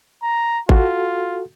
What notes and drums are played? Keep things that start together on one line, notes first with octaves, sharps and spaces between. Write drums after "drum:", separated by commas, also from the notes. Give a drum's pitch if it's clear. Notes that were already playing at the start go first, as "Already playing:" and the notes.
A#5
F4 F#4 A4, drum: kick G#1